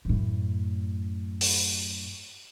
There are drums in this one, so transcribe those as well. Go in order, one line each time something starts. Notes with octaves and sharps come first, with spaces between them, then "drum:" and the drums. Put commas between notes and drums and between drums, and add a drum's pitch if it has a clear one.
F#2 A2
drum: open hi-hat